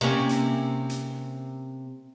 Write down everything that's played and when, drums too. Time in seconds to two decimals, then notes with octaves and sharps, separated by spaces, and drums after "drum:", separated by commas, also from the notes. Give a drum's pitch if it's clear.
0.01 C3 A#3 C#4, drum: cymbal
0.29 drum: hi-hat
0.90 drum: hi-hat